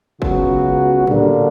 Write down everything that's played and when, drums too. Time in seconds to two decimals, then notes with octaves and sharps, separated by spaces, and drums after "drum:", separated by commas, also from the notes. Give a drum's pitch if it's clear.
0.22 C#2 C#3 F#3 B3 F#4, drum: kick
1.07 D3 G3 A#3 D4, drum: tom A2